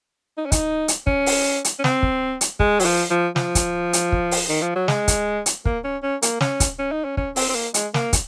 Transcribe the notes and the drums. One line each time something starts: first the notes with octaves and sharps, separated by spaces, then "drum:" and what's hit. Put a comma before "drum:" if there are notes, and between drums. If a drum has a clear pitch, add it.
D#4
C#4
D#4, drum: kick, hi-hat
drum: hi-hat
C#4, drum: kick
drum: open hi-hat
drum: hi-hat
C#4
C4, drum: snare
drum: kick
drum: hi-hat
G#3, drum: kick
F#3, drum: open hi-hat
F3
F3
F3, drum: snare
drum: kick, hi-hat
drum: hi-hat
drum: kick
drum: open hi-hat
D#3
F3
F#3
G#3, drum: snare
drum: kick, hi-hat
drum: hi-hat
A#3, drum: kick
C#4
C#4
A#3, drum: hi-hat
C#4, drum: snare
drum: kick, hi-hat
C#4
D#4
C#4
C#4, drum: kick
C4, drum: open hi-hat
C4
A#3
G#3, drum: hi-hat
A#3, drum: snare
drum: kick, hi-hat